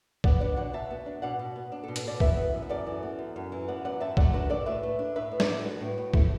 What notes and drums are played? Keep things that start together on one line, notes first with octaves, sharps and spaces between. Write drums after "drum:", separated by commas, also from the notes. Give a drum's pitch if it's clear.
B3 D5 F#5, drum: kick
D4 D5 F#5
B2 D5 F#5
B2 E5 A5
B3
D4
B2 D5 F#5
B2
B3
D4
B2 A4
B4, drum: hi-hat
B2 D5
E3 B4 E5, drum: kick
B3
F#2
E5
F#2 A4 D5
E3
B3
F#2
F#2
E3
B3 D5 F#5
F#2 D5 F#5
F#2 E5 A5
A3 D5 F#5, drum: kick
D4 F#4 B4
A2 A4 D5
A2 B4 E5
A3
D4
A2 B4 E5
A2
A4 D5, drum: snare
A3
D4 F#4 B4
A2
A2
A3 E4 A4, drum: kick